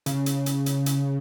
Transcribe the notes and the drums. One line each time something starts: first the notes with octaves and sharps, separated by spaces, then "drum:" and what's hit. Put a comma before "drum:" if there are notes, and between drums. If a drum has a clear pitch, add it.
C#3, drum: hi-hat
drum: hi-hat
drum: hi-hat
drum: hi-hat
drum: hi-hat